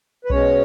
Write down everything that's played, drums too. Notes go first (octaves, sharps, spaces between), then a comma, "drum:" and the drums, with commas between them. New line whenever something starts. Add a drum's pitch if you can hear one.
B4
B2 G#3 C#4 C#5, drum: kick B1